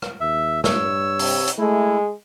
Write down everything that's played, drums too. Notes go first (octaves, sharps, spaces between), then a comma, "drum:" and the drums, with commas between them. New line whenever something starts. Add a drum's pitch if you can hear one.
drum: rim click
D#2 E5
G2 C#5 E6, drum: snare
C3, drum: open hi-hat
drum: hi-hat
G#3 A3 E4